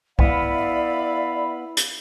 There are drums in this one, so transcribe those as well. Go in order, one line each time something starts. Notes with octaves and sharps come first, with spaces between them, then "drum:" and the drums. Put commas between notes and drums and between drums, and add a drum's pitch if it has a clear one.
B3 E4 D5 F5 B5, drum: kick B1
drum: hi-hat